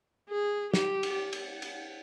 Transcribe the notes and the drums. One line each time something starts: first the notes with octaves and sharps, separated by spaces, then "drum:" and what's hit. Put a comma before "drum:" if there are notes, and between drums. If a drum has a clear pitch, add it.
G#4
G4, drum: snare
drum: cymbal
drum: cymbal
drum: cymbal